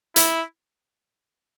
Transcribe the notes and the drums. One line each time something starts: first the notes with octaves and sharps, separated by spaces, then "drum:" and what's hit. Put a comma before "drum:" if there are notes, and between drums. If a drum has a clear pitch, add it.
E4, drum: hi-hat